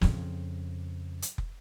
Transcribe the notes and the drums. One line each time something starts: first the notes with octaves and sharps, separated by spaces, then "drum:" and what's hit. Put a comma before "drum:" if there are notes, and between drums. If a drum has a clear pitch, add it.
F2 C#3, drum: snare
drum: hi-hat
drum: kick